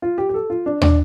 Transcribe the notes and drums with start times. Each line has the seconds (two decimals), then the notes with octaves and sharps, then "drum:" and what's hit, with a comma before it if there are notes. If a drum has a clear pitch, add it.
0.02 F4
0.18 G4
0.29 G4
0.34 A4
0.50 F4
0.66 D4
0.81 D4, drum: tom